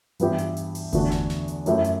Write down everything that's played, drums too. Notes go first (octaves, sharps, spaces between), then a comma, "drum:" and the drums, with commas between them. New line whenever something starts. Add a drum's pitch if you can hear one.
G2 E3 B3 E4 G4, drum: hi-hat
drum: hi-hat
drum: hi-hat
drum: open hi-hat
E2 D3 A3 D4 F#4, drum: kick G1, hi-hat
drum: snare
drum: snare
drum: hi-hat
F#2 F#3 A3 E4 G4, drum: hi-hat
drum: hi-hat